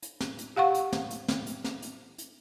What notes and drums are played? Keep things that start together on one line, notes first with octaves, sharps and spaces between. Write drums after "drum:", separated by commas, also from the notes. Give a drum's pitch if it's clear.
drum: hi-hat
drum: snare
drum: hi-hat
G4 F5 F#5 C#6
drum: hi-hat
drum: snare
drum: hi-hat
drum: snare
drum: hi-hat
drum: snare
drum: hi-hat
drum: hi-hat